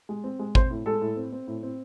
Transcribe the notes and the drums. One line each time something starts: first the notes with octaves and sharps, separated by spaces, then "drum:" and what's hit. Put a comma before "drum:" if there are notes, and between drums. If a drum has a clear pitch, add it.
G#3
C4
G#3
C4 C5, drum: kick G#1
A2
G#3 A4
A2
C4
C4
A2
C4